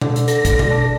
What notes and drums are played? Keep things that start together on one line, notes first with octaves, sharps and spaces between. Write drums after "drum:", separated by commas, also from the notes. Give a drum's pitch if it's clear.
D3, drum: tom B2
drum: hi-hat
A4 A#6, drum: hi-hat
drum: kick, hi-hat
drum: tom B2
D4